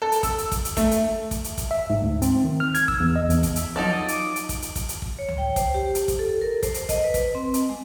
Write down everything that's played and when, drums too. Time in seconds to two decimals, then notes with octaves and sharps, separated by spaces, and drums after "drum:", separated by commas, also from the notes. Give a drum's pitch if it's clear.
0.02 A4
0.12 drum: hi-hat
0.23 E6, drum: kick, hi-hat
0.38 drum: hi-hat
0.52 drum: kick, hi-hat
0.65 drum: hi-hat
0.77 A3, drum: kick, hi-hat
0.91 drum: hi-hat
1.31 drum: kick, hi-hat
1.44 drum: hi-hat
1.58 drum: kick, hi-hat
1.71 E5
1.90 G#2
2.02 D2
2.22 C4, drum: hi-hat
2.44 D#3
2.60 F6
2.75 G#6, drum: hi-hat
2.88 E6, drum: kick
3.00 E2
3.16 D#5
3.30 E2, drum: hi-hat
3.43 drum: kick, hi-hat
3.56 E5, drum: hi-hat
3.76 F3 F#3 D#4 D5
3.92 D#6
4.08 D6, drum: hi-hat
4.36 drum: hi-hat
4.49 drum: kick, hi-hat
4.62 drum: hi-hat
4.76 drum: kick, hi-hat
4.89 drum: hi-hat
5.02 drum: kick
5.19 C#5
5.29 drum: tom C#2
5.38 G5
5.56 C5, drum: kick, hi-hat
5.74 G4
5.95 drum: hi-hat
6.08 drum: kick, hi-hat
6.19 A4
6.42 A#4
6.63 C5, drum: kick, hi-hat
6.74 drum: hi-hat
6.89 D#5, drum: kick, hi-hat
7.04 B4
7.14 drum: kick, hi-hat
7.35 C4
7.54 drum: hi-hat
7.69 G#3